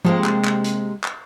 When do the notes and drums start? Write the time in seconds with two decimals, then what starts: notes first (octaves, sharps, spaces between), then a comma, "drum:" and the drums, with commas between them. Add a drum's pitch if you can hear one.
0.05 C3 F3 G#3 A#3
0.24 drum: clap
0.44 drum: clap
0.64 drum: hi-hat
1.04 drum: clap